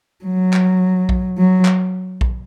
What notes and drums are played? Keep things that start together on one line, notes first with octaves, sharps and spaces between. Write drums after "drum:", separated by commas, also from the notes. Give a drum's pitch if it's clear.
F#3
drum: clap
drum: kick A#1
F#3
drum: clap
drum: kick A#1